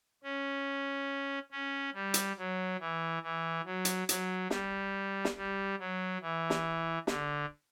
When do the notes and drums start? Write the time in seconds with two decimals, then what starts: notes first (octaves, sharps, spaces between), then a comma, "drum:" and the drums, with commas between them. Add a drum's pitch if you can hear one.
0.24 C#4
1.52 C#4
1.94 G3
2.14 drum: hi-hat
2.38 F#3
2.80 E3
3.22 E3
3.65 F#3
3.85 drum: hi-hat
4.09 F#3, drum: hi-hat
4.50 G3, drum: snare
5.25 drum: snare
5.37 G3
5.79 F#3
6.21 E3
6.50 drum: snare
7.07 D3, drum: snare